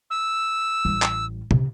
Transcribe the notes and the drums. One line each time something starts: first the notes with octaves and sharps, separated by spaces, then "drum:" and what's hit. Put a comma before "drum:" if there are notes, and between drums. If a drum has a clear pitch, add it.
E6
A1 G3
drum: clap
C3, drum: tom